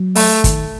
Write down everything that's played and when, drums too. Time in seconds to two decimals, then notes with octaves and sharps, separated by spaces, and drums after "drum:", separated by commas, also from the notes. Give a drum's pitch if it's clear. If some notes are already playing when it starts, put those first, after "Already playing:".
Already playing: F#3
0.15 A3, drum: open hi-hat
0.44 D#3, drum: kick, hi-hat